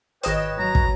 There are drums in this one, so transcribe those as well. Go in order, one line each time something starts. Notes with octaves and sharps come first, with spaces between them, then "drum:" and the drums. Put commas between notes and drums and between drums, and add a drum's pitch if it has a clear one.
G#1 B4 C#5 D#5 G5 E7, drum: hi-hat
F#3 A#5
drum: kick